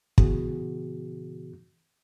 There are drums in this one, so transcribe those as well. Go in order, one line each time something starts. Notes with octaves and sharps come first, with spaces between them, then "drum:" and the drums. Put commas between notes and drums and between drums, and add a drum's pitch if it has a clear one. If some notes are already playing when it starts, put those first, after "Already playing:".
A#2 C#3 E3 B3 F#4 G#4, drum: kick